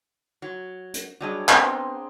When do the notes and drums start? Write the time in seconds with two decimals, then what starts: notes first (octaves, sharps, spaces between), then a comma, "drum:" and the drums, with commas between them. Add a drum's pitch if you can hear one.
0.42 F#3
0.94 drum: hi-hat
1.21 F#3 G3 D4 G#4 C#5 D#5
1.49 B3 C4 F#5 A#5 C6, drum: clap